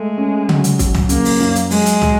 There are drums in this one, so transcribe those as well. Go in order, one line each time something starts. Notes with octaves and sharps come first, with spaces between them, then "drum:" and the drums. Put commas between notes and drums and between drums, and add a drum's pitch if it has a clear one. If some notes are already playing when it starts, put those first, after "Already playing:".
Already playing: G#3 A3
C#4
F#3, drum: tom C#3
drum: hi-hat
F#3, drum: kick, hi-hat
drum: tom
C#3 A#3, drum: hi-hat
drum: open hi-hat
F#2
drum: hi-hat
F#3 G#3, drum: open hi-hat
drum: hi-hat
F#3, drum: tom